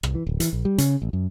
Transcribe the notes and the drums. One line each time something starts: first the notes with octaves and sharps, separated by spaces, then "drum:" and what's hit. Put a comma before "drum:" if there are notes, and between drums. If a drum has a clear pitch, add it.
C2, drum: rim click
E3
D1
E3, drum: hi-hat
A#1
G3
C#3, drum: hi-hat
A1
F#2